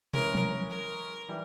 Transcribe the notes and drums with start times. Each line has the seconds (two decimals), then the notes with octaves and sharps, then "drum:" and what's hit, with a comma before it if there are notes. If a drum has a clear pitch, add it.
0.13 E3 G#3 C#4 A#4, drum: tom
0.35 drum: tom F3
0.70 A#4
1.28 E3 G3